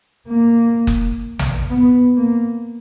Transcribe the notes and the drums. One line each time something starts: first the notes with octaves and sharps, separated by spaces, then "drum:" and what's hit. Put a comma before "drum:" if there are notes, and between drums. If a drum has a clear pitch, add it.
A#3
drum: kick F#1
drum: tom A#1
B3
A#3